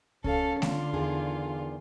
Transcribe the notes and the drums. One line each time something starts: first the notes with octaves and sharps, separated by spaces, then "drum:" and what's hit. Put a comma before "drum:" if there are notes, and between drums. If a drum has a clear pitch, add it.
C#4 A4 F5, drum: kick C2
D3 F4, drum: snare A3
E2 D#3 G#4